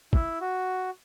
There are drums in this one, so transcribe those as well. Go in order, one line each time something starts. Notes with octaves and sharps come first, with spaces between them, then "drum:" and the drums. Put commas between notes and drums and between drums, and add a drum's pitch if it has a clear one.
E4, drum: kick
F#4